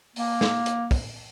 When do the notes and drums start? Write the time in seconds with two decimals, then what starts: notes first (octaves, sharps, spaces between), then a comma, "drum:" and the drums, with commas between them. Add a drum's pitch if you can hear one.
0.16 A#3, drum: open hi-hat
0.41 drum: snare
0.66 drum: hi-hat
0.91 drum: kick, open hi-hat